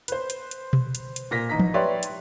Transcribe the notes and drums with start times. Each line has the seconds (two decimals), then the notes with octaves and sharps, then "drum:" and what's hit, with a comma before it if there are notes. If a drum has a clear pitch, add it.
0.08 B4 C5, drum: hi-hat
0.30 drum: hi-hat
0.51 drum: hi-hat
0.73 drum: tom B2
0.95 drum: hi-hat
1.16 drum: hi-hat
1.31 A#2 A#6 B6
1.50 A1 D#4 A#5 B6
1.59 drum: tom F3
1.74 G4 B4 C#5 D5 E5 C6
2.03 drum: hi-hat